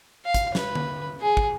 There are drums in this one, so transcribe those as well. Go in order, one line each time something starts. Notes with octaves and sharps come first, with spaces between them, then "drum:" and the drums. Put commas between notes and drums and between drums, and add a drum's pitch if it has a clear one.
F5
drum: kick, hi-hat
B4, drum: snare
drum: tom D3
G#4
drum: kick